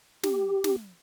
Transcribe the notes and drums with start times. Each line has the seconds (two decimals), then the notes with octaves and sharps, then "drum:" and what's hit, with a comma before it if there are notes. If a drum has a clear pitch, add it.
0.23 G4, drum: snare
0.64 drum: snare